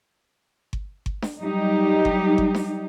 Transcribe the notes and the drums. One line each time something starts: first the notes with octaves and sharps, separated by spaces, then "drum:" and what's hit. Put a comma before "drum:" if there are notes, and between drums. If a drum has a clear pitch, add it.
drum: kick G1
drum: kick G1
drum: snare D4
F#3 G3 D#4 G4
drum: kick G1
drum: kick G1
drum: snare D4